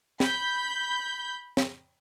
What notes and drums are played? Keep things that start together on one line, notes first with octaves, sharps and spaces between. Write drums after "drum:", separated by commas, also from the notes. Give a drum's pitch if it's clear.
B5 G6, drum: snare
drum: snare